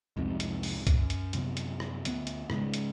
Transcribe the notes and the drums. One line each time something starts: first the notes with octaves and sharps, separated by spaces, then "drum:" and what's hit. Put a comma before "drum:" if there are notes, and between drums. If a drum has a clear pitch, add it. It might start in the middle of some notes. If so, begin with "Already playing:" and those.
C2 F2 G#2 C3
drum: hi-hat
drum: open hi-hat
drum: kick B1, hi-hat
F#2
drum: hi-hat
F#2 C3 F#3 B3, drum: hi-hat
drum: hi-hat
drum: rim click
D2 B3, drum: hi-hat
drum: hi-hat
G#2 C#3 G#3, drum: rim click
drum: hi-hat